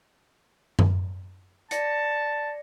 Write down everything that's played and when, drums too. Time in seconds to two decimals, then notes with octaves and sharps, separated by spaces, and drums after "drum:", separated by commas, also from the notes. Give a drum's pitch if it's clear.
0.79 drum: tom F#2
1.71 D5 A5 A#6 C#7, drum: hi-hat